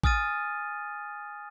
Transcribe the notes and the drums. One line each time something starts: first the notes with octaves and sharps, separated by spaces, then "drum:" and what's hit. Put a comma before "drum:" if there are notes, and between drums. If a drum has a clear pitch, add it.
G#5 D#6 F6 A6 D#7, drum: kick A1